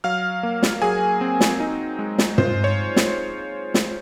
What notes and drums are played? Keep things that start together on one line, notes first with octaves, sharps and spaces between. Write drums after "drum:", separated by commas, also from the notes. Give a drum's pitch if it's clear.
F#3 F5 F6
A#3
drum: snare
F#3 G#4 G#5
C4
drum: snare
D#4
G#3
drum: snare
F4 C5, drum: tom
C#5
drum: snare
drum: snare